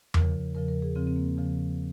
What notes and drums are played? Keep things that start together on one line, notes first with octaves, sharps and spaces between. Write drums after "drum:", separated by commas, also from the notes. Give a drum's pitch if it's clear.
E2 C#3 F3 A#4, drum: tom E2
E2 C#3 F3 A#4
A#4
G#4
E2 C#3 F3 C4
C4
A#3
E2 C#3 F3